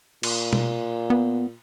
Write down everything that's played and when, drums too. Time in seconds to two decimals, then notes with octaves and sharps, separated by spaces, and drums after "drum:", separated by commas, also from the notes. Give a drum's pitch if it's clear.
0.23 A#2, drum: cymbal
0.53 drum: tom B2
1.10 B3